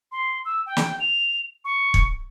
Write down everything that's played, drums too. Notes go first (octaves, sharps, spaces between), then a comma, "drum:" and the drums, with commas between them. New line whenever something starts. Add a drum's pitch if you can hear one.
C6
E6
G5
drum: snare
F7
C#6
drum: kick